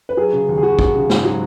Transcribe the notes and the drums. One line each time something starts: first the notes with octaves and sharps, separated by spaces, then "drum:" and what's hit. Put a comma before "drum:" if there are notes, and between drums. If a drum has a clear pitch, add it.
B4
F#3 G#4
C#3
D#2
G#4
D#2 F#4
F#3, drum: kick
C#3
G#2, drum: snare
F#3